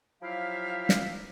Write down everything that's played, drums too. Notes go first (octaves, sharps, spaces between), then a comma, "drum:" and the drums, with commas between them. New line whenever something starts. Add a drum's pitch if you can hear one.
F3 F#3 E4 G4 E5 F5
drum: snare